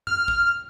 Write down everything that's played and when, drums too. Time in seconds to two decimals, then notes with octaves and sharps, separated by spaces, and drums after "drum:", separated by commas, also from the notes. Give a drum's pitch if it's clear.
0.07 F6, drum: tom F2
0.28 drum: kick